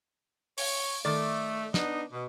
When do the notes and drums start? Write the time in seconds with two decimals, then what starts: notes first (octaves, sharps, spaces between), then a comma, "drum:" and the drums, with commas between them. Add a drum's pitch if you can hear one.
0.58 C#5, drum: open hi-hat
1.05 D#3 A3 D5
1.74 B3 D4 D#4, drum: snare
2.13 B2